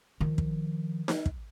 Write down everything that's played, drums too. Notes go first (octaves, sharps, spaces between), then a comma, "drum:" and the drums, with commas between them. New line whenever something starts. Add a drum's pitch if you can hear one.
D#3 F3
drum: kick
drum: snare D#4
drum: kick